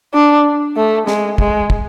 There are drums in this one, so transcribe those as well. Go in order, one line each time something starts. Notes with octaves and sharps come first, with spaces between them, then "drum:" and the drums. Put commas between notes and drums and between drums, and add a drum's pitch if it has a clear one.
D4
A3
G#3, drum: snare
G#3, drum: kick
drum: kick